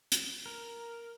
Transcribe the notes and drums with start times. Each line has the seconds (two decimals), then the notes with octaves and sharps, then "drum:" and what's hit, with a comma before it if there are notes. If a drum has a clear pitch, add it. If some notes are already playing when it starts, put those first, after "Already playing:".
0.12 drum: hi-hat
0.46 A#4